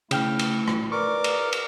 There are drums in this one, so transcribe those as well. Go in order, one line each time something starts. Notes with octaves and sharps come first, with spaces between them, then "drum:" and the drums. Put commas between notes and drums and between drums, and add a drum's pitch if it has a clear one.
C#3 A3 E4 G5 F6, drum: cymbal
drum: cymbal
drum: rim click
A#4 B4 D5 C#6 D6
drum: cymbal
drum: cymbal